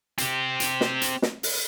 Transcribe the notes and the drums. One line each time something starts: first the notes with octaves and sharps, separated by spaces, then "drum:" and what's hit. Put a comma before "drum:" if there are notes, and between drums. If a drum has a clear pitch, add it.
C4 G4, drum: hi-hat
drum: hi-hat
drum: snare
drum: hi-hat
drum: snare
drum: open hi-hat